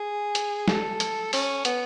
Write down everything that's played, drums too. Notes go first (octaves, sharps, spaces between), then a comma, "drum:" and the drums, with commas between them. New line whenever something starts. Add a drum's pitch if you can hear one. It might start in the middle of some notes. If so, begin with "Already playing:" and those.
Already playing: G#4
drum: hi-hat
A4, drum: snare
drum: hi-hat
C#4, drum: open hi-hat
B3, drum: hi-hat